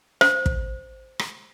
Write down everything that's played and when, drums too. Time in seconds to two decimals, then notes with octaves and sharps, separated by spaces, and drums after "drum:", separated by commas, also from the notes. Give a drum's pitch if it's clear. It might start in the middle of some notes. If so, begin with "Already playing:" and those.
0.21 C5, drum: rim click
0.46 drum: kick
1.19 drum: rim click